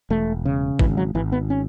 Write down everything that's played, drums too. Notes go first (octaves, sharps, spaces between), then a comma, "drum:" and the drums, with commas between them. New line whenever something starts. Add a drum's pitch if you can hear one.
E1 A3
C#3
G#1 E3, drum: kick G#1
F#3
G#1 E3
B3
C#4